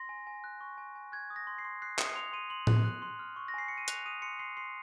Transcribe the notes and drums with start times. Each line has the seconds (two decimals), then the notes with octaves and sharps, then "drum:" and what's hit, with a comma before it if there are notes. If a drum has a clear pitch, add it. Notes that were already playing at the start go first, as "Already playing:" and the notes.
Already playing: C6 A#6
0.09 G#5
0.27 G#5
0.44 F#6
0.61 C#6
0.78 G#5
0.96 G#5
1.12 F#6 G#6
1.30 D#6
1.36 A#6
1.47 C6
1.58 C7
1.65 C6
1.82 F#6 C7
1.98 D#6 C#7, drum: clap
2.15 C6 F7
2.33 C6 D#7
2.50 C6 F#7
2.67 F#6, drum: tom A2
2.84 F#6
3.02 C6
3.19 F6
3.36 C#6
3.48 A#6
3.54 G#5 C7
3.68 G#5 C#7
3.78 D#7
3.88 F#6 F7, drum: hi-hat
4.05 D#6 D#7
4.22 C6 C#7
4.39 C6 C7
4.57 C6 C7